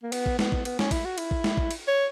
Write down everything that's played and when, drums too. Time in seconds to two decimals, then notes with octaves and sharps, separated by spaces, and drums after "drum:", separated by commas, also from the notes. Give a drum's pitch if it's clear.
0.03 A#3
0.12 B3, drum: cymbal
0.26 drum: kick A1
0.39 B3, drum: snare
0.52 drum: kick A1
0.65 B3, drum: cymbal
0.79 C#4, drum: snare
0.91 E4, drum: kick A1, cymbal
1.05 F#4
1.18 E4, drum: cymbal
1.31 drum: kick A1
1.44 drum: snare
1.57 drum: kick A1
1.71 drum: cymbal
1.88 C#5